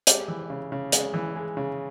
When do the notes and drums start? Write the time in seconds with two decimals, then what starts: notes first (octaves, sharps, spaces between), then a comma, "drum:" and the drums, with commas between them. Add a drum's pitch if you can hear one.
0.07 G#3 G4, drum: hi-hat
0.28 E3
0.50 C#3
0.72 C#3
0.92 G#3, drum: hi-hat
1.14 E3
1.36 G#3
1.57 C#3